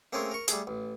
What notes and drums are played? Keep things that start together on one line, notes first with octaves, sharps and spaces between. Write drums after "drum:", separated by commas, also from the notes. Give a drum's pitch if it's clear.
A3 A#3 C4 C#4 G#4 A#4
A#4 C#6
G3 A3 G#4, drum: hi-hat
A1